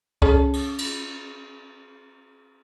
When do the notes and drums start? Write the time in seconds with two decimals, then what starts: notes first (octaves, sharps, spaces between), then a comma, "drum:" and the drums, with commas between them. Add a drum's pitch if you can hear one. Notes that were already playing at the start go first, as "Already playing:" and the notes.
0.22 C#4 G#4 A4, drum: kick C2
0.53 drum: cymbal
0.78 drum: cymbal